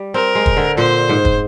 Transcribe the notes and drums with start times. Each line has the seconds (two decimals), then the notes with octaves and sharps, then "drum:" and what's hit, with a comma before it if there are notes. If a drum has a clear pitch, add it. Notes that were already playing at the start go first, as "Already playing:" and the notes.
Already playing: G3
0.14 C4 A#4
0.35 G#3
0.46 drum: kick
0.57 D3
0.77 A#2 C5
1.09 G#2
1.25 drum: kick